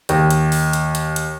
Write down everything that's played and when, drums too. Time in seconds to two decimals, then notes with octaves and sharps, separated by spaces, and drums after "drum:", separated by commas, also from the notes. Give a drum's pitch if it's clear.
0.09 D#2, drum: hi-hat
0.31 drum: hi-hat
0.52 drum: open hi-hat
0.73 drum: hi-hat
0.95 drum: hi-hat
1.16 drum: hi-hat